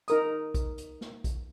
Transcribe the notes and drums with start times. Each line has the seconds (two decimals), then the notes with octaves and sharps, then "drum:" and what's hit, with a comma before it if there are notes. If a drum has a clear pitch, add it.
0.08 D#4 A#4 D#6, drum: hi-hat
0.54 drum: kick, hi-hat
0.78 drum: hi-hat
1.01 drum: snare
1.24 drum: kick, hi-hat